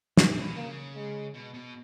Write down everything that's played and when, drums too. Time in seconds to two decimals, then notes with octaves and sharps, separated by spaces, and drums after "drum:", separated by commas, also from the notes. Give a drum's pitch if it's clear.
0.17 A#2 B3, drum: snare
0.37 B2
0.56 C#3 A#3
0.95 G#3
1.34 B2
1.54 B2